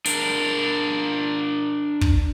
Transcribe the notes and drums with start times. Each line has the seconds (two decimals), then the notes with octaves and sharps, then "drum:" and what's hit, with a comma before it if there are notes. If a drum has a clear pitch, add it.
0.05 D4 A#4, drum: hi-hat
2.01 drum: kick